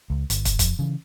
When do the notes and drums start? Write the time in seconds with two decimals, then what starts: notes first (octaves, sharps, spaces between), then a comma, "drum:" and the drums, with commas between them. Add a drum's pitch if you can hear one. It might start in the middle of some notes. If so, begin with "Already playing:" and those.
0.10 C#2
0.30 G1, drum: hi-hat
0.45 drum: kick, hi-hat
0.59 F2, drum: kick, hi-hat
0.79 C#3 E3